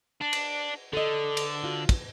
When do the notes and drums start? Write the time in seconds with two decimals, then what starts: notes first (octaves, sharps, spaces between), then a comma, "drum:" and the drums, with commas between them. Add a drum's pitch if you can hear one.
0.21 D4
0.33 drum: cymbal
0.93 D3 A4 D#5
1.37 drum: cymbal
1.63 F4 F#4
1.89 drum: kick, cymbal